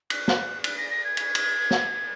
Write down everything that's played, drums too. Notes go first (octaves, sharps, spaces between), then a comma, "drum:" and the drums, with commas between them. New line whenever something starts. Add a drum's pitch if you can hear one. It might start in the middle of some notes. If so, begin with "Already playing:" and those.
F#6, drum: cymbal
drum: snare
F#6, drum: cymbal
A#6
A#6
G#6
drum: cymbal
drum: cymbal
drum: snare